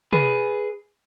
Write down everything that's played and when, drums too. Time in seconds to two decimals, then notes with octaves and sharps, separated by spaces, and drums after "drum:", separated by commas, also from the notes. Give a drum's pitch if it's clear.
0.13 G#4 B4, drum: tom